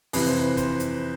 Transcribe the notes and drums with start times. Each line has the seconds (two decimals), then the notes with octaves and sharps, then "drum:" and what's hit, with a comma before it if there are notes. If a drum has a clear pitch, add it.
0.13 F2 C3 E3 B4, drum: open hi-hat
0.27 C5
0.40 B4
0.57 C5, drum: kick, hi-hat
0.80 drum: hi-hat